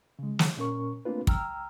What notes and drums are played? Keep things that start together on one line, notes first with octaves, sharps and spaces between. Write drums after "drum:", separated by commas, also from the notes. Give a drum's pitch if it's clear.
C#3 G#3
drum: snare
A#2 C#4 A#4 C#6
A3 A#3 C4 D4 F4 B4
C#2 G5 A#5 E6 F6, drum: kick